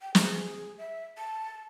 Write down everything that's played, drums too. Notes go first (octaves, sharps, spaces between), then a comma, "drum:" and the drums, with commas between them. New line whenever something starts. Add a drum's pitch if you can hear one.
G5
G#4, drum: snare
E5
A5